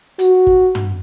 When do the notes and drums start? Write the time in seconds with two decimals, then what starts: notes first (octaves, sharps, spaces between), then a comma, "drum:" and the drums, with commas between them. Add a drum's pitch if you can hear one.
0.19 F#4, drum: hi-hat
0.47 drum: kick G1
0.75 drum: tom